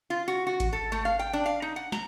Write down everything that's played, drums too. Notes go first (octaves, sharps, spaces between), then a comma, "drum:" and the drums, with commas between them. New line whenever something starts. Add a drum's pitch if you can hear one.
F4
F#4
F#4
drum: kick G#1, hi-hat
A4
A3
F5
G5
D4
F5
D#4
F#5
A#5, drum: snare